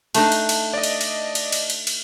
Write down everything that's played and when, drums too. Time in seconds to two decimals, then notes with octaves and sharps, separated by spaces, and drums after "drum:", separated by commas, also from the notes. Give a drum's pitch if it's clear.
0.15 A3 D4 D#4, drum: cymbal
0.32 drum: cymbal
0.49 drum: cymbal
0.73 D5 D#5
0.83 drum: cymbal
1.01 drum: cymbal
1.35 drum: cymbal
1.52 drum: cymbal
1.70 drum: cymbal
1.87 drum: cymbal